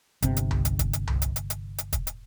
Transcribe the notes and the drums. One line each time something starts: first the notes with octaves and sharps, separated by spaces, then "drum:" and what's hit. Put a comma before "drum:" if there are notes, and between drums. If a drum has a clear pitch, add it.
G1 C3 C4, drum: hi-hat
drum: hi-hat
drum: tom C2
drum: hi-hat
drum: kick, hi-hat
drum: hi-hat
drum: tom C2
drum: hi-hat
drum: hi-hat
drum: hi-hat
drum: hi-hat
drum: kick, hi-hat
drum: hi-hat